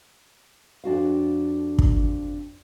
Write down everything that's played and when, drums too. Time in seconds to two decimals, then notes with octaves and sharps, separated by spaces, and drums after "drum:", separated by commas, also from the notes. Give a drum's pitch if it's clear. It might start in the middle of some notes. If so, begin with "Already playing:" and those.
0.84 F2 D4 F#4 F5
1.79 drum: kick